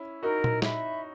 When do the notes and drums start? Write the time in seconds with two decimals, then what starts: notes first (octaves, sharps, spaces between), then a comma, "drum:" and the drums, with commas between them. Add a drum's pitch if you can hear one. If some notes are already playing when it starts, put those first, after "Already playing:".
Already playing: C#4 E4
0.23 D#4 F#4 A#4
0.44 drum: tom A#2
0.62 E5 B5, drum: snare